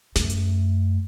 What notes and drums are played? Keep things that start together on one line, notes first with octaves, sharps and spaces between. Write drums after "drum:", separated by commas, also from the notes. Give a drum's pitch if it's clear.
F#2 A3, drum: snare
drum: hi-hat